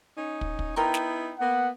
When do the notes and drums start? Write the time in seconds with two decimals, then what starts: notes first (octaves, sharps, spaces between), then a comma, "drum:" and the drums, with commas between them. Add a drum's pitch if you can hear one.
0.17 C#4 D#4
0.41 drum: kick
0.59 drum: kick
0.76 B3 D#4 E4 A#4 G5 C6
0.94 drum: snare
1.39 A#3 B3 F#5